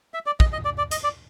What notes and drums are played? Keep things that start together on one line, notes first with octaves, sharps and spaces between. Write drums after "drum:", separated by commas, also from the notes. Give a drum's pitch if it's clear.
E5
D5
D#5, drum: kick
D#5
D5
D5
D#5, drum: hi-hat
D5